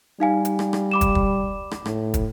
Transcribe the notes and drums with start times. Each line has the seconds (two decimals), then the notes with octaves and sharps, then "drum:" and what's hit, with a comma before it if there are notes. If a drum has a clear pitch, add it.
0.20 G3 D#4 F5 G#5
0.45 drum: hi-hat
0.59 drum: rim click
0.73 drum: rim click
0.91 B5 D6 E7
1.01 drum: kick, hi-hat
1.15 drum: kick
1.71 drum: rim click
1.86 A2, drum: rim click
2.14 drum: kick, hi-hat